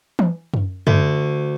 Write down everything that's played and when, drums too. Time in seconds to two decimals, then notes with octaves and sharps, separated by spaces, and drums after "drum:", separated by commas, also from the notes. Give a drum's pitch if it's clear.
0.19 drum: tom E3
0.54 drum: tom F#2
0.87 D2, drum: tom F#2